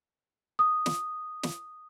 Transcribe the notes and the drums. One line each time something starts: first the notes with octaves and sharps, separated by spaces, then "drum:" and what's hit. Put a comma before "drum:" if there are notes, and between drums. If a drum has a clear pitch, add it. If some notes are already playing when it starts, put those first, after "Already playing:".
D#6
drum: snare
drum: snare